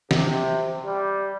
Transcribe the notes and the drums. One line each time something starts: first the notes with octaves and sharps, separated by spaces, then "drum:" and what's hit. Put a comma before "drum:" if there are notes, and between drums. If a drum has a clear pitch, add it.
C3, drum: snare
G3